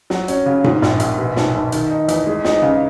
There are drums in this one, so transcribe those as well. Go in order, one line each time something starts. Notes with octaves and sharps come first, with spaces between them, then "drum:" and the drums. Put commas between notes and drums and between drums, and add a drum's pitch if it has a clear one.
F#3, drum: snare
C#4, drum: hi-hat
C#3
G#2, drum: tom A#2
A#1, drum: snare
A#1, drum: hi-hat
B2
B1, drum: snare
B1
D#3, drum: hi-hat
D#4
E2, drum: hi-hat
G#3
D#4, drum: snare
C#3